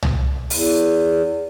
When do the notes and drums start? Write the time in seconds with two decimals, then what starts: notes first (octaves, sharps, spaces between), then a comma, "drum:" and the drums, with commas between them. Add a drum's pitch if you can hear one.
0.03 drum: tom
0.50 E2, drum: open hi-hat